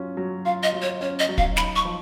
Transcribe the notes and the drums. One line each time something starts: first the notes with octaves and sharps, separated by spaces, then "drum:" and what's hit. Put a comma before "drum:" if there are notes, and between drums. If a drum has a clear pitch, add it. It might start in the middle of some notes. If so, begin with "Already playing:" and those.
Already playing: F#3 C#4 F4
F#3
F4 F5
D#5
F#3
C#5
C#4 C#5
D#5
F#3
F5, drum: kick
D#4 B5, drum: snare
C#6
F3